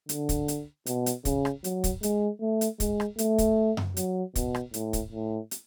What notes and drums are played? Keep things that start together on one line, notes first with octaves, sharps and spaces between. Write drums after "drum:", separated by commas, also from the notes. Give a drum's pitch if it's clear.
D3, drum: hi-hat
drum: kick, hi-hat
drum: hi-hat
B2, drum: hi-hat
drum: hi-hat
C#3, drum: kick, hi-hat
drum: rim click
F#3, drum: hi-hat
drum: kick, hi-hat
G#3, drum: hi-hat
A3
drum: hi-hat
G#3, drum: kick, hi-hat
drum: rim click
A3, drum: hi-hat
drum: kick, hi-hat
drum: tom F#2
F#3, drum: hi-hat
B2, drum: kick, hi-hat
drum: rim click
A2, drum: hi-hat
drum: kick, hi-hat
A2
drum: hi-hat